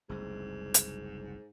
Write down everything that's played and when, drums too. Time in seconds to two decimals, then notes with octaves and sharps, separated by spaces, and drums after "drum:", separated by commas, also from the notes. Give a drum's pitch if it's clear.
0.09 F#1 C2 G#2
0.74 drum: hi-hat